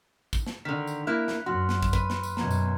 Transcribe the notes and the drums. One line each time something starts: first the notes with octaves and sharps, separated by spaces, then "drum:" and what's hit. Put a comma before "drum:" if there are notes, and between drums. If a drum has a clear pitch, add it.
drum: kick, tambourine
drum: snare
D3 D#3 B6 F7
drum: tambourine
A#3 E4 F#6
drum: snare
F#2 F#4 C6 F6
drum: snare
drum: kick, tambourine
B4, drum: kick, tambourine
drum: snare
drum: tambourine
F#2 B2 A#5 G#6, drum: snare
drum: tambourine